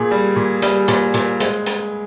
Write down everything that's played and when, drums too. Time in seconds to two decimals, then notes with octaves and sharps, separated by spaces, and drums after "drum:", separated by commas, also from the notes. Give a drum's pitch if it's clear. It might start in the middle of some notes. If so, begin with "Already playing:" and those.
Already playing: A#2 G#4
0.11 G3
0.36 A#2
0.62 G3, drum: hi-hat
0.88 A#2, drum: hi-hat
1.14 A#2, drum: hi-hat
1.40 G#3, drum: hi-hat
1.66 drum: hi-hat